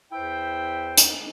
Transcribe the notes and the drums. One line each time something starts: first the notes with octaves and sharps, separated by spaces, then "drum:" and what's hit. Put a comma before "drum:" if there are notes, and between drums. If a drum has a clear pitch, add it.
E2 E4 B4 C5 G5
drum: hi-hat